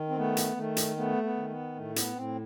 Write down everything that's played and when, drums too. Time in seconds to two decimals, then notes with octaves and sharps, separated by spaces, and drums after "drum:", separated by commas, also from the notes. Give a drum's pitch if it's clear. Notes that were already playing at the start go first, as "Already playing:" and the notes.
Already playing: D#3
0.09 C4
0.17 A3 B3
0.37 drum: hi-hat
0.56 D#3 A3
0.77 drum: hi-hat
0.96 A3 B3
1.23 B3
1.36 D#3
1.49 B3
1.76 A2 A3
1.96 B3, drum: hi-hat
2.16 A2 C4